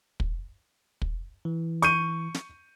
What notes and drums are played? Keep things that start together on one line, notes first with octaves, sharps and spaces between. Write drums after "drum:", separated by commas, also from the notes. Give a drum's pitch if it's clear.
drum: kick
drum: kick
E3
C#6 G6 D#7, drum: hi-hat
drum: snare